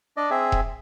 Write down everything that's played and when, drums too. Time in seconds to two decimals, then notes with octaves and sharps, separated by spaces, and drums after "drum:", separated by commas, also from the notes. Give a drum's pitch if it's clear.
0.17 D4 D5 D#5
0.31 C4 G#4 E5
0.52 drum: kick E1